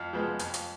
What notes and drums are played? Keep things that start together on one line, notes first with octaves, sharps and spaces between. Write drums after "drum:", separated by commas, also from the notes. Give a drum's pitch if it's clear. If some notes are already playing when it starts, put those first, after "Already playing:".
Already playing: F2 F5
F3 G#3 B3
F2, drum: hi-hat
drum: hi-hat